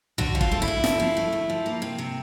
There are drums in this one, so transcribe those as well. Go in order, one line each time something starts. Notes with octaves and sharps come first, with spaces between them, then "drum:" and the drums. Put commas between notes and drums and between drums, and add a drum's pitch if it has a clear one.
D3 F#4, drum: tom
F3
F4, drum: kick F1
A3
E4
D2
D3, drum: snare
F3
A3
D2
F3
A#3
C3
C3